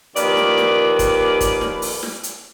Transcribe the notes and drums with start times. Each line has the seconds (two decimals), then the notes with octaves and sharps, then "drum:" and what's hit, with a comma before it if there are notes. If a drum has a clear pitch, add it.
0.16 D#2 F3 A#3 B4 D5, drum: hi-hat
0.37 drum: snare
0.58 drum: snare
0.99 drum: kick, hi-hat
1.41 drum: kick, hi-hat
1.61 drum: snare
1.82 drum: open hi-hat
2.03 drum: snare
2.23 drum: hi-hat